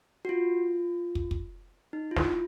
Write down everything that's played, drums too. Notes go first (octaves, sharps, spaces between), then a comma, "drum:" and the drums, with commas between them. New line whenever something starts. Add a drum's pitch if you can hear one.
F#4
F4
drum: kick
drum: kick
D#4
F4
E4, drum: snare